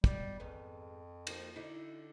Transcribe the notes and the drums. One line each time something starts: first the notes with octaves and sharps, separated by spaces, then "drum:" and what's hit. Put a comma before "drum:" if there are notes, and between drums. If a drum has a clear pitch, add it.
B2 G3 G4, drum: kick
F2 G#2 D#3 B3
F3 A#3, drum: cymbal
D3 D#4 E4